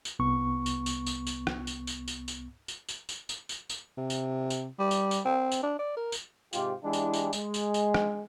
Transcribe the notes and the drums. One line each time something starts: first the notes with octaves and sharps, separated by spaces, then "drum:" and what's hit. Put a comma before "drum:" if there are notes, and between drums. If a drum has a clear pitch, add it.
drum: tambourine
C2 B3 C#6
drum: tambourine
drum: tambourine
drum: tambourine
drum: tambourine
drum: rim click
drum: tambourine
drum: tambourine
drum: tambourine
drum: tambourine
drum: tambourine
drum: tambourine
drum: tambourine
drum: tambourine
drum: tambourine
drum: tambourine
C3
drum: tambourine
drum: tambourine
G3
drum: tambourine
drum: tambourine
C4
drum: tambourine
D4
D5
A#4
drum: tambourine
G#2 C3 F4 G4, drum: tambourine
E3 G#3 D4 E4 G4
drum: tambourine
drum: tambourine
G#3, drum: tambourine
drum: tambourine
drum: tambourine
drum: rim click